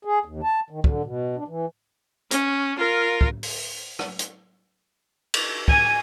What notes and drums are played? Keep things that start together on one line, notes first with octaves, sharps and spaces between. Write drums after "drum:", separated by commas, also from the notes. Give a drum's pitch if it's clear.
G#4
D#2
A5
D#3
D3, drum: kick
B2
D4
E3
C#4, drum: hi-hat
F4 A#4
drum: kick
drum: open hi-hat
drum: rim click
drum: hi-hat
drum: cymbal
G#5, drum: kick